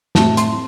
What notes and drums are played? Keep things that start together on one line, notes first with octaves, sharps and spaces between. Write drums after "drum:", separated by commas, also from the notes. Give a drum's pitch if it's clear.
A2 A3 C4 A5, drum: snare
C6, drum: hi-hat